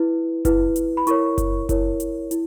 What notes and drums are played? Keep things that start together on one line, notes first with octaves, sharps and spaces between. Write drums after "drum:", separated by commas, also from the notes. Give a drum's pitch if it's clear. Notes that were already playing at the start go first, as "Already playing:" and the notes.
Already playing: E4 B4
E4 B4, drum: kick F#1, hi-hat
drum: hi-hat
B5
E4 A#4 C#5 C#6, drum: hi-hat
drum: kick F#1, hi-hat
E4 A#4 C#5, drum: kick F#1, hi-hat
drum: hi-hat
E4, drum: hi-hat